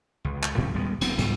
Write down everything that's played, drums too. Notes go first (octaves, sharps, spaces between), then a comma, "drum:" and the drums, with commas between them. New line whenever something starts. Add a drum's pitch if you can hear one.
C#2
drum: clap
A2 F#3 C4 C#4
D#2 G3 G#3 B3
F#1 F#3 B3 C4, drum: cymbal
C#2 G#2 G3 B3, drum: cymbal